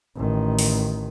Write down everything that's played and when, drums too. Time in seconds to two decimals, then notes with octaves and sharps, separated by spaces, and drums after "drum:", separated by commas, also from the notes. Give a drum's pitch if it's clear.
0.16 A1 D#3
0.59 drum: open hi-hat